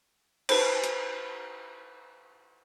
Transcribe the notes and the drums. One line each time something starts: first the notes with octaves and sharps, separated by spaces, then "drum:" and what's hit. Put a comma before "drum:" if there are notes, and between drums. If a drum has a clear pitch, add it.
B4 C5, drum: cymbal
drum: hi-hat